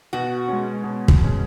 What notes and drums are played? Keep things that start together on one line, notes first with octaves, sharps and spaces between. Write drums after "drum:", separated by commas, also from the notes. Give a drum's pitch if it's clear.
B2 F#4
G#3 C#4
B2
drum: kick
G#3 C#4